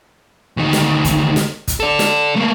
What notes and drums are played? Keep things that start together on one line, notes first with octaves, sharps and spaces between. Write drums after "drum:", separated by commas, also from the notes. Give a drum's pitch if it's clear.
D2 D#3
drum: snare
drum: kick, hi-hat
drum: snare
drum: kick, hi-hat
A4 D5
drum: snare
A3 A#3